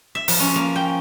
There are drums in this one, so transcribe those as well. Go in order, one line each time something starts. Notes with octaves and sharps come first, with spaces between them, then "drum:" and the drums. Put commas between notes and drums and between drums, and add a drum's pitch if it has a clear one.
E5
F3, drum: open hi-hat
C#4
A#3
G5